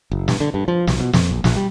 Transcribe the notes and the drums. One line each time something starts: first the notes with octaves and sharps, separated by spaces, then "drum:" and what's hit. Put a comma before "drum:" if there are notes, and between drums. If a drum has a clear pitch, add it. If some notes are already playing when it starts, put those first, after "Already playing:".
F#1
G2, drum: snare
D3
G2
F3
B1, drum: snare
B2
F2, drum: snare
A#1
A#1, drum: snare
G3